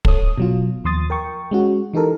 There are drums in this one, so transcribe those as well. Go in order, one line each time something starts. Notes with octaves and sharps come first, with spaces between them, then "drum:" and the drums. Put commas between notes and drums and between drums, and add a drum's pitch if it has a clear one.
A4 C#5 D#6, drum: kick
B2 F#3 F4
D#2 F3 C6 D#6 A6
A#4 G5 C#6
G#3 C#4 F#4
E3 D#4 G4 A4 A#4